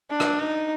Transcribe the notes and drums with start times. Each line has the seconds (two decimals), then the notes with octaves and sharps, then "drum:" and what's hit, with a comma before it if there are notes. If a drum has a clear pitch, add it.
0.11 D4
0.20 drum: rim click
0.40 D#4